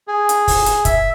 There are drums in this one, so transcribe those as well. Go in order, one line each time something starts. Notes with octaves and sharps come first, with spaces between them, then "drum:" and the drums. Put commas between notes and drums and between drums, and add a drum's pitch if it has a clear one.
G#4
drum: hi-hat
drum: kick, open hi-hat
drum: hi-hat
E5, drum: kick, hi-hat